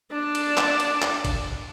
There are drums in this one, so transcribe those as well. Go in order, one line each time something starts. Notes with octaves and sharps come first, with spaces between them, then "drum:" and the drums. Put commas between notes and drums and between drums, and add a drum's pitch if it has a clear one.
D4 A5
drum: cymbal
drum: clap
drum: cymbal
drum: clap
drum: kick, cymbal